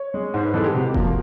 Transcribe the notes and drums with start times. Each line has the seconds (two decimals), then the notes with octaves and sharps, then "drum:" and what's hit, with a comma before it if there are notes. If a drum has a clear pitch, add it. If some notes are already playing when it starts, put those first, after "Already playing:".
Already playing: C#5
0.14 G#3
0.34 G#2 C5
0.44 B4
0.54 E3 G#3 A4
0.64 G4
0.74 C3 F#4
0.94 F3 A#3, drum: kick F1